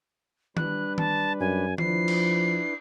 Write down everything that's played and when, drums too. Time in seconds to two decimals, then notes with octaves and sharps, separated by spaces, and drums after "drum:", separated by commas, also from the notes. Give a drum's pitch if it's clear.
0.57 G3 D4 B4 F#6, drum: tom D#3
0.98 A5, drum: tom D#3
1.40 F#2 G#5
1.78 F3 D4 E4 B4 C7, drum: tom D#3
2.08 drum: cymbal